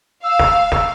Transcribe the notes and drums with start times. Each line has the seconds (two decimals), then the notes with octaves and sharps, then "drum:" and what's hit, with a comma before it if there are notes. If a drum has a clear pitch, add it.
0.23 F5 E6
0.40 drum: snare
0.72 drum: snare